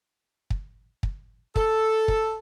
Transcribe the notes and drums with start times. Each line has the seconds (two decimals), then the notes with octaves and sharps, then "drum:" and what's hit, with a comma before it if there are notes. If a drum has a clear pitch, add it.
0.50 drum: kick
1.03 drum: kick
1.56 A4, drum: kick
2.08 drum: kick